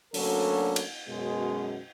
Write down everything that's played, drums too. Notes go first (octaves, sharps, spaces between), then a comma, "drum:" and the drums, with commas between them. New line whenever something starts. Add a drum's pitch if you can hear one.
D2 D3 F#3 A#3 C#4 A4, drum: open hi-hat
drum: cymbal
F#2 B2 G#3